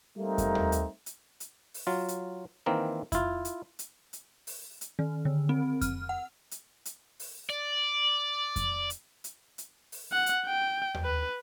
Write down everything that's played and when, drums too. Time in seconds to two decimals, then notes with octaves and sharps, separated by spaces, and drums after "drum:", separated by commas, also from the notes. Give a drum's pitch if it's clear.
0.16 G3 A3 A#3 C4 D#4
0.38 drum: kick F2, hi-hat
0.55 drum: tom D#2
0.72 drum: hi-hat
1.06 drum: hi-hat
1.40 drum: hi-hat
1.74 drum: open hi-hat
1.87 F#3 F4
2.08 drum: hi-hat
2.66 D#3 E3 A#3 C4 A#4
3.12 E4 F4, drum: kick F2, hi-hat
3.45 drum: hi-hat
3.79 drum: hi-hat
4.13 drum: hi-hat
4.47 drum: open hi-hat
4.81 drum: hi-hat
4.99 D#3
5.25 D3
5.49 C4
5.81 F6, drum: kick F2, hi-hat
6.09 F#5
6.51 drum: hi-hat
6.85 drum: hi-hat
7.20 drum: open hi-hat
7.50 D5
8.56 drum: kick F2, hi-hat
8.90 drum: hi-hat
9.24 drum: hi-hat
9.58 drum: hi-hat
9.92 drum: open hi-hat
10.12 F#5
10.26 drum: hi-hat
10.46 G5
10.94 drum: tom D#2
11.04 B4